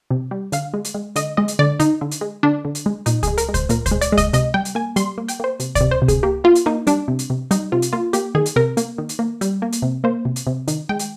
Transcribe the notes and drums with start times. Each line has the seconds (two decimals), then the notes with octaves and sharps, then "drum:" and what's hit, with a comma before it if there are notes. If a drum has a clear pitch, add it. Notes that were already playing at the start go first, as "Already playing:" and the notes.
0.11 C3
0.31 G3
0.52 D3 F5, drum: hi-hat
0.74 G#3
0.84 drum: hi-hat
0.95 G#3
1.16 D3 D#5, drum: hi-hat
1.37 G#3 D#5
1.48 drum: hi-hat
1.59 D3 D5
1.80 D3 D#4, drum: hi-hat
2.01 D3
2.11 drum: hi-hat
2.21 G#3
2.43 D3 D4
2.65 D3
2.75 drum: hi-hat
2.86 G#3
3.06 A#2 D#4, drum: hi-hat
3.23 G#3 G#4, drum: kick C#2, hi-hat
3.38 A#4, drum: hi-hat
3.49 G#3
3.54 C5, drum: kick C#2, hi-hat
3.69 A#2 A#4, drum: hi-hat
3.86 C5, drum: kick C#2, hi-hat
3.91 G#3
4.01 D5, drum: hi-hat
4.12 G#3
4.18 D#5, drum: kick C#2, hi-hat
4.33 C3 D#5, drum: hi-hat
4.54 G3 G5
4.65 drum: hi-hat
4.75 A#3 G#5
4.96 G3 C6, drum: hi-hat
5.18 A#3
5.28 G5, drum: hi-hat
5.40 A#3 C5
5.60 C3, drum: hi-hat
5.75 D5, drum: kick C#2, hi-hat
5.81 C3
5.91 C5
6.02 C3
6.08 G#4, drum: kick C#2, hi-hat
6.23 A#3 G4
6.44 A#3 F4
6.55 drum: hi-hat
6.66 A#3 D#4
6.87 G3 D4, drum: hi-hat
7.08 C3
7.19 drum: hi-hat
7.30 C3
7.51 G3 D#4, drum: hi-hat
7.72 C3 F4
7.82 drum: hi-hat
7.93 A#3 F4
8.13 A#3 G4, drum: hi-hat
8.35 D#3 G#4
8.46 drum: hi-hat
8.56 C3 A#4
8.77 A#3, drum: hi-hat
8.98 D#3
9.09 drum: hi-hat
9.19 A#3
9.41 G3, drum: hi-hat
9.62 A#3
9.72 drum: hi-hat
9.82 C3
10.04 A#3 C5
10.25 C3
10.36 drum: hi-hat
10.47 C3
10.68 D#3, drum: hi-hat
10.89 G#3 G5
10.99 drum: hi-hat